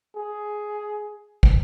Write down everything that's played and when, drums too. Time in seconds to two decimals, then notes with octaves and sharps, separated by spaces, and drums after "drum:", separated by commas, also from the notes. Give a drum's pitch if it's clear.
0.16 G#4
1.43 drum: kick